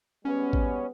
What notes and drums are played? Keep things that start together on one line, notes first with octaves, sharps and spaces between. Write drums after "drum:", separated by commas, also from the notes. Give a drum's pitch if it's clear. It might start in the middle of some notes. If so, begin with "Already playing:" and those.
G3 G#3 B3 C#4
drum: kick A1